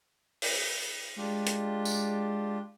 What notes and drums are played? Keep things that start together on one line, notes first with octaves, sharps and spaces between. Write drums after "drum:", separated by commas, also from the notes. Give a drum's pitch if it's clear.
drum: open hi-hat
G#3 D4 F4 G4
drum: hi-hat
drum: tambourine